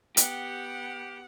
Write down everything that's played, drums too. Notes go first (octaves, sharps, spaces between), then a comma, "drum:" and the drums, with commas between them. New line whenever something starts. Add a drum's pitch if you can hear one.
B3 G4 F#5, drum: hi-hat